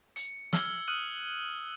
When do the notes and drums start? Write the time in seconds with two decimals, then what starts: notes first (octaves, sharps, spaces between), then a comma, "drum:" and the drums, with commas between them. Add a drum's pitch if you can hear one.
0.16 C#7, drum: hi-hat
0.53 E6 F6 G#6 G7, drum: snare
0.88 D#6 F6 F#6 D#7 F#7